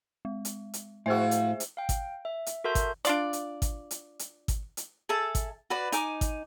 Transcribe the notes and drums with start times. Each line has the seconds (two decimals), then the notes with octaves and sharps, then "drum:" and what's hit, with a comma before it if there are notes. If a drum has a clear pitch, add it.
0.25 G#3
0.45 drum: hi-hat
0.74 drum: hi-hat
1.06 A2 F3 F#4 G#4 C5 E5
1.31 drum: hi-hat
1.60 drum: hi-hat
1.77 F5 G5
1.89 drum: kick G#1, hi-hat
2.25 E5
2.46 drum: hi-hat
2.64 F#4 A4 A#4 E5 C6 G6
2.75 drum: kick G#1, hi-hat
3.05 D4 F4 D5, drum: hi-hat
3.33 drum: hi-hat
3.62 drum: kick G#1, hi-hat
3.91 drum: hi-hat
4.19 drum: hi-hat
4.48 drum: kick G#1, hi-hat
4.77 drum: hi-hat
5.09 G#4 A4 E5 A5
5.35 drum: kick G#1, hi-hat
5.70 F#4 B4 D5
5.92 D#4 G#5 D6, drum: hi-hat
6.21 drum: kick G#1, hi-hat